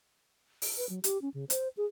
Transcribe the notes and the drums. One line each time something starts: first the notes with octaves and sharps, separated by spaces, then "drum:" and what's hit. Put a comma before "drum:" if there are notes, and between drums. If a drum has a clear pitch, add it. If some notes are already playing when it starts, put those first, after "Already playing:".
drum: open hi-hat
B4
F#3
G4, drum: hi-hat
C#4
C#3
C5, drum: hi-hat
G#4